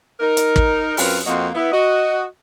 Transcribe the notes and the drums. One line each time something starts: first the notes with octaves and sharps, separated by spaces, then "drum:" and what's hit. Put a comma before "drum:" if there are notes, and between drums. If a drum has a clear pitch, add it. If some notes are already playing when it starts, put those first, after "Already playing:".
D#4 A#4
drum: hi-hat
drum: kick
F#2 C4 F4 A#4 B4, drum: open hi-hat
F2 A#3 C4 F#4 D#5 F5
B3 E4
F#4 D#5